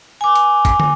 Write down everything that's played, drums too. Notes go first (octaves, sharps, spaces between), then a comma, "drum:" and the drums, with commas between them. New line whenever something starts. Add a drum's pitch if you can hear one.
G#5 D6
drum: hi-hat
drum: kick, hi-hat
drum: tom